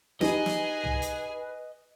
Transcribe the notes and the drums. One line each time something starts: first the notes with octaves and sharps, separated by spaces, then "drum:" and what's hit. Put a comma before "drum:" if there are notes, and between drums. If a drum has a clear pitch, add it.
D#4 G4 G#4 B4 D#5 G#5, drum: snare
drum: snare
drum: tom C2
drum: hi-hat